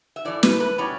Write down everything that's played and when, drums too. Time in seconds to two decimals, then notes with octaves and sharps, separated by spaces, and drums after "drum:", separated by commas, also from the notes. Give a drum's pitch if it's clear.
0.16 E5
0.25 G2 E3 A3 E4 D5
0.43 B4, drum: snare
0.60 B4
0.78 B2 G3 C#4 E4 C#5